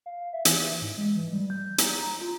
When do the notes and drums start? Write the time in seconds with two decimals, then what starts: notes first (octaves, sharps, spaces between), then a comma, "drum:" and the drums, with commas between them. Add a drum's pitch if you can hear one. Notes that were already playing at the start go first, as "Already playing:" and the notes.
0.06 F5
0.33 E5
0.45 E3, drum: hi-hat
0.81 G#2
0.98 G#3
1.16 E3
1.32 G3
1.50 G6
1.78 A#5, drum: hi-hat
2.02 A#5
2.21 F4